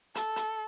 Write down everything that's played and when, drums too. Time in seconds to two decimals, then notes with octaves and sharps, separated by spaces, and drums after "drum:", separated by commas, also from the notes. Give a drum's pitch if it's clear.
0.15 A4, drum: hi-hat
0.36 drum: hi-hat